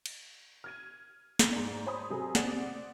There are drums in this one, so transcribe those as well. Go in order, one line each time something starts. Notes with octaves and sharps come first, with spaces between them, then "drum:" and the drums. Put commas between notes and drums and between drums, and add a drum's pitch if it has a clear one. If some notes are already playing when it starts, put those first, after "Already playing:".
drum: cymbal
F6 G#6 D#7
drum: snare
G#2 D5
C5 C#5 B5 D#6
C3 F#3 G#4 A4
C4 D5 F#5, drum: snare